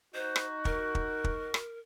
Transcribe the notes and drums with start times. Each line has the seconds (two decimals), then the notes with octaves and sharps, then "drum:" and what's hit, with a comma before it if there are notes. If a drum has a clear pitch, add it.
0.15 D#4 F#4 C5
0.36 drum: rim click
0.65 A#4, drum: kick
0.95 drum: kick
1.24 drum: kick
1.54 drum: rim click